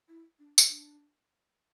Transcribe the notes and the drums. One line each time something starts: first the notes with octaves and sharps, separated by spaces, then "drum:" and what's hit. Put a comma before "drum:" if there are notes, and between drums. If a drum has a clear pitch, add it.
E4
D4
drum: tambourine
D4